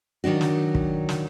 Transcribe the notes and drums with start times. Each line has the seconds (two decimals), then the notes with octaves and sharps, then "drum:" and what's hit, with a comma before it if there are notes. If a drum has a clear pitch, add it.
0.24 D#3 F#3 D4 F#4
0.41 drum: snare
0.75 drum: kick
1.09 drum: snare